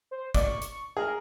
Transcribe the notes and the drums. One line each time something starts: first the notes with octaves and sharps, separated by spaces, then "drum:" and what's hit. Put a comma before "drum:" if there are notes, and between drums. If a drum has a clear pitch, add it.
C5
D5 C#6, drum: kick, hi-hat
drum: hi-hat
G#4 A#4